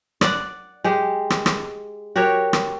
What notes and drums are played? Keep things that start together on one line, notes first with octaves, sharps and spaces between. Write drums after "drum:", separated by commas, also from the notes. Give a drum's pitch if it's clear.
D5 F#5, drum: rim click
G#3 G4
drum: rim click
drum: rim click
F#4 G4 A#4 C#5
drum: rim click